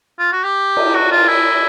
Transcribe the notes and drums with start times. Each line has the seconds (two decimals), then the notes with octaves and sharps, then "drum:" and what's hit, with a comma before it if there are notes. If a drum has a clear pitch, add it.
0.19 F4
0.32 F#4
0.44 G4
0.77 drum: cymbal
0.95 F#4
1.12 F4
1.28 E4